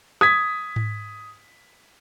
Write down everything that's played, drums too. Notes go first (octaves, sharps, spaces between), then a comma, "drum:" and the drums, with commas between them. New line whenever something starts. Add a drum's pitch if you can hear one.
D#6 G#6 B6, drum: rim click
drum: tom G#2